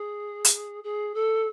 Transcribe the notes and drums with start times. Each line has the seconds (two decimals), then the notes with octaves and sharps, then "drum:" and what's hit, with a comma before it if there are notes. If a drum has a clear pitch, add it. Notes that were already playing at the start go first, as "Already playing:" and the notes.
Already playing: G#4
0.45 drum: hi-hat
0.83 G#4
1.14 A4